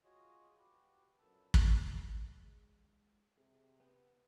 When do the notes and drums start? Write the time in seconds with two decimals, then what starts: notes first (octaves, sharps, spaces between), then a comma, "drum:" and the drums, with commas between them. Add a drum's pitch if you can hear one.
0.04 F4 F#4 G#4 C#5 D#5
0.57 F#4 G4 B4
1.18 F#2 A#2 D3 A4 B4 A5
1.54 drum: kick
1.65 C3
1.92 B2 D3
2.27 G#3
3.38 C3 G#4
3.80 B3 G5